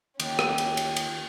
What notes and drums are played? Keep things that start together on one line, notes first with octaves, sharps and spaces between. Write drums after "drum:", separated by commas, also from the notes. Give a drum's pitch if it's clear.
D#2 C#4 G4, drum: cymbal
drum: rim click
drum: cymbal
drum: cymbal
drum: cymbal